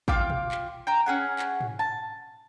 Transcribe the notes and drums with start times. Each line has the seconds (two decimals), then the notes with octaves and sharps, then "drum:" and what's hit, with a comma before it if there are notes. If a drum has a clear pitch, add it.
0.08 F4 F5 G5 D6, drum: kick
0.30 drum: tom A#2
0.51 drum: clap
0.87 G5 A#5
1.06 C#4 G#4 F#5
1.39 drum: clap
1.61 drum: tom G#2
1.79 A5